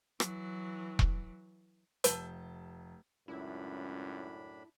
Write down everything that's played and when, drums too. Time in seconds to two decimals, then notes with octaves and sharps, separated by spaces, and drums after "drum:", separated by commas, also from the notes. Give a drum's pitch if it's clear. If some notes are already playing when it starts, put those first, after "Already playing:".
0.20 E3 F#3, drum: rim click
0.99 drum: kick E1
2.04 F1 A5 G6 G7, drum: hi-hat
3.28 C#2 F#2 A2 D4 E4 B5